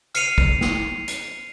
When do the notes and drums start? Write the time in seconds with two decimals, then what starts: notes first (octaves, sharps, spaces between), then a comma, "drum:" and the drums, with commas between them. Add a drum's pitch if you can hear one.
0.15 F6 C7 C#7 D#7 F7, drum: hi-hat
0.38 drum: kick
0.61 drum: snare
1.08 drum: hi-hat